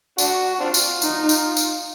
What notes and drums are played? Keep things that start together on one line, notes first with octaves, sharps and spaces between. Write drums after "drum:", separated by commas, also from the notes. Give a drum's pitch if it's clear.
D4 F#4, drum: tambourine
F#4
C4 D4 F4
drum: tambourine
D#4, drum: tambourine
drum: tambourine
drum: tambourine